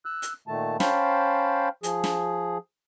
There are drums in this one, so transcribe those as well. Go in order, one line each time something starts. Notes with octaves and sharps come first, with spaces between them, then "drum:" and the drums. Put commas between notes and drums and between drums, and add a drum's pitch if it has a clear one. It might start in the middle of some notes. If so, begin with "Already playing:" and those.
E6 F#6
drum: hi-hat
A#2 D#3 A3 A5
C#4 C5 F5 G5 A5 B5, drum: snare
F3 G#4, drum: hi-hat
drum: snare